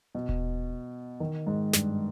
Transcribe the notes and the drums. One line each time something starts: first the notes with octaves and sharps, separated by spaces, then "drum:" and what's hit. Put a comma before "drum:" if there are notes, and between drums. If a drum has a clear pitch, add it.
B2
drum: kick D#1
D#3
G#2
G2, drum: snare